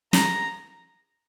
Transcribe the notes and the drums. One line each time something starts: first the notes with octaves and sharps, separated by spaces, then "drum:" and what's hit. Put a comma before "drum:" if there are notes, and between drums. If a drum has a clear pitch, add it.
A#5, drum: snare